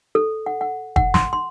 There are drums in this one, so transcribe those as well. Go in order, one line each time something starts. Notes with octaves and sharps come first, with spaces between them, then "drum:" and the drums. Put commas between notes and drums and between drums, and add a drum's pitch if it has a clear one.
A4
F#5
F#5
F#5, drum: kick
C6, drum: snare
C6